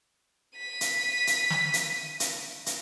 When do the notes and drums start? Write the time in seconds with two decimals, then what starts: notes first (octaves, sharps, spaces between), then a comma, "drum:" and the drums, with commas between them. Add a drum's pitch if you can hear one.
0.58 B6 D#7
0.81 drum: hi-hat
1.27 drum: hi-hat
1.50 drum: snare
1.74 drum: hi-hat
2.20 drum: hi-hat
2.66 drum: hi-hat